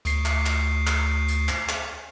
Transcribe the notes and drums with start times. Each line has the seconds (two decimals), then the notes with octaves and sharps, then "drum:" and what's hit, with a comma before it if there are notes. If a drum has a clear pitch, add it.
0.05 D2 C7, drum: hi-hat
0.26 drum: clap
0.46 drum: clap
0.87 drum: clap
1.28 drum: hi-hat
1.49 drum: clap
1.69 drum: clap